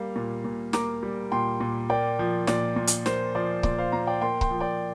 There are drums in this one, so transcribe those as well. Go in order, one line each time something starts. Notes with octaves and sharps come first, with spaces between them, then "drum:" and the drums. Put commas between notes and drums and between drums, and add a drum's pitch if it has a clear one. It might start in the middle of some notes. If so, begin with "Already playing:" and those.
Already playing: G3 A#3 F5
A#2
A#2
A#3 A#5 D6, drum: snare
G3
A#2 G5 C6
A#2
A#3 D5 G5
F3
A#2 D5, drum: snare
A#2
drum: hi-hat
A#3 C5, drum: snare
F3 D5
A#2 D5, drum: kick C#1
C5 F5
A#2 F5 A#5
D5 G5
A#3 G5 C6
G5 C6, drum: kick C#1
F3
D5 G5